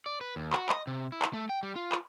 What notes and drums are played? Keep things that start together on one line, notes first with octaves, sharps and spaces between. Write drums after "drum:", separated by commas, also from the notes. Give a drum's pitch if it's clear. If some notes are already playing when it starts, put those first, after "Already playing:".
D5
B4
D#2
F#4, drum: clap
D#5, drum: clap
C3
E4
drum: clap
A3
G5
G3
F4
drum: clap